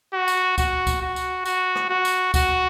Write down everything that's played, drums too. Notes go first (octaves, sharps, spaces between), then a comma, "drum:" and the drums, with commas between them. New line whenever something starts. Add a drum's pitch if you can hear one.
F#4
drum: tambourine
F#4, drum: kick C#2, tambourine
drum: kick C#2, tambourine
F#4
drum: tambourine
F#4, drum: tambourine
drum: rim click
F#4
drum: tambourine
F#4, drum: kick C#2, tambourine